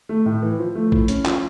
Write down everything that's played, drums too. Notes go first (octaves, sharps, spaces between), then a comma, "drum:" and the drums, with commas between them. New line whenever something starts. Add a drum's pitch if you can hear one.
A3
A2
E3
F3
A3
E4, drum: kick G#1
C#4, drum: hi-hat
F3, drum: clap